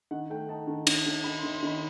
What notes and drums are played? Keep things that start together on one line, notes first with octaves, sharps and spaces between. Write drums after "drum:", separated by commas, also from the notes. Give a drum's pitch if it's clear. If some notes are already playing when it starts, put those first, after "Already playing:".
D#3 F#5
A3 G5
D#4 A5
D#3
D#3, drum: cymbal
D#3
D#3 B5
D#3 C6
C6
D#3 B5